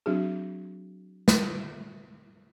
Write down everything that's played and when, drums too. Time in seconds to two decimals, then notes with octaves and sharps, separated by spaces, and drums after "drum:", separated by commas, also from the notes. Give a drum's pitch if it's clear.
0.06 F#3 C4 D4 F#4 G#4
1.28 drum: snare